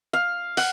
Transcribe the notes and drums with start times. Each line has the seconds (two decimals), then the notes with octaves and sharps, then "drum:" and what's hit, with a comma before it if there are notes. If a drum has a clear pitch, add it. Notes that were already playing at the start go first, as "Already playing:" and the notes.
0.13 F5
0.57 F#5, drum: open hi-hat